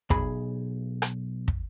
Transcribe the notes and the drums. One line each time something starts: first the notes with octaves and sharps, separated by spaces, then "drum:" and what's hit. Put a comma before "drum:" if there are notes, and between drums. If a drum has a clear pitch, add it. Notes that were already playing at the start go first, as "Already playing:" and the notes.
B1 G#4 B5, drum: kick
drum: rim click
drum: kick